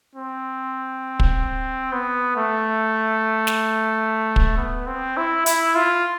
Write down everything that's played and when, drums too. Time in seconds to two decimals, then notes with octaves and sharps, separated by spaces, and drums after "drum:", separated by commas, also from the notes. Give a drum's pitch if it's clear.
0.15 C4
1.20 drum: kick
1.93 B3
2.37 A3
3.47 drum: snare
4.36 drum: kick
4.57 B3
4.87 C4
5.17 E4
5.46 E4, drum: hi-hat
5.76 F4